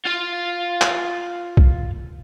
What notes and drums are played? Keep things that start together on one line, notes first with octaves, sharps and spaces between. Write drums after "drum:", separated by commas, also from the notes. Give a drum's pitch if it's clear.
F4 F5
drum: clap
drum: kick